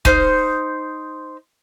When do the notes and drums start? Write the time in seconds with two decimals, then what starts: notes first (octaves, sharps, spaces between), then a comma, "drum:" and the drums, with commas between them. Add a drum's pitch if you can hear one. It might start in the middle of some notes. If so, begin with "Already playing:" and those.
0.05 D#4 C5 F6, drum: kick